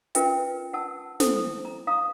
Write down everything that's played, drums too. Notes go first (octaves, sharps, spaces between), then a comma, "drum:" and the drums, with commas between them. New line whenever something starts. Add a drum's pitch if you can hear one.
C#4 F4 A#4 B4 E5 G5, drum: hi-hat
F#5 A5 E6
E4 A4 C5, drum: snare
A#5
F5 A#5 D#6